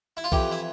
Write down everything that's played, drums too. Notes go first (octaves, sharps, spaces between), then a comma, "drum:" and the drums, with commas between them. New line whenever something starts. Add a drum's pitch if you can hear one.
E4
F4
F2 E3 G4, drum: kick B1
E4